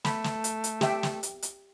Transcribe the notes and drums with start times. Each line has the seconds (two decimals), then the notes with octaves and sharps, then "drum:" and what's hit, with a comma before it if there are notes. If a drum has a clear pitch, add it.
0.05 A3 B5, drum: snare
0.24 drum: snare
0.44 drum: hi-hat
0.64 drum: hi-hat
0.81 G4 E5 G5, drum: snare
1.03 drum: snare
1.23 drum: hi-hat
1.43 drum: hi-hat